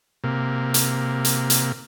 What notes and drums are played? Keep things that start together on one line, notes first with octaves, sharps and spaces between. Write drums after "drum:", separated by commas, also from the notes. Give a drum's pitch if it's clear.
C3 A#3
drum: hi-hat
drum: hi-hat
drum: hi-hat